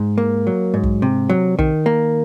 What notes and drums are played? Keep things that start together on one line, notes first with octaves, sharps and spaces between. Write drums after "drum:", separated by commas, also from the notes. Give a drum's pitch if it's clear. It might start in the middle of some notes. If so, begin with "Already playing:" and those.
Already playing: G#2
A#3
F#3
G#2
drum: kick
C3
F#3
D#3, drum: kick
A#3